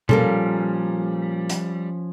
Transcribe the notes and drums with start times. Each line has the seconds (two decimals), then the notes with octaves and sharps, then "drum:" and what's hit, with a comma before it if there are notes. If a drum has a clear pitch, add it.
0.09 A#2 F3 G3 C#4 F4 A4 A#4, drum: tom B2
1.50 drum: hi-hat